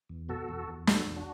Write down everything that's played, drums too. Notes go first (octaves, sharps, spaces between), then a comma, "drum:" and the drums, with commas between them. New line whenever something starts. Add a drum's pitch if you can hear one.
E2
B2 F#4 A4
E2
E2
B2 F#4 A4, drum: snare
E2
D4 F#4